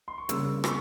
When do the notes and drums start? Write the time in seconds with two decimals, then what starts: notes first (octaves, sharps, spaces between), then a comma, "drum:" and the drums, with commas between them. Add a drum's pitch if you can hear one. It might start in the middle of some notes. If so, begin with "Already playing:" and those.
0.08 C6
0.18 C#6
0.29 C#3 G3 A#3 E6, drum: hi-hat
0.64 C#6, drum: rim click